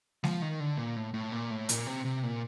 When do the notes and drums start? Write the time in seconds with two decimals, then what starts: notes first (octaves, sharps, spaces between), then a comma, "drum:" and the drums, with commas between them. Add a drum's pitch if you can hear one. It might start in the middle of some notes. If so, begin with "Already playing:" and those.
0.24 F3, drum: snare G#3
0.42 D#3
0.60 D3
0.77 A#2
0.96 A2
1.14 A2
1.32 A#2
1.51 A2
1.69 A#2, drum: hi-hat
1.86 C3
2.05 C3
2.23 A#2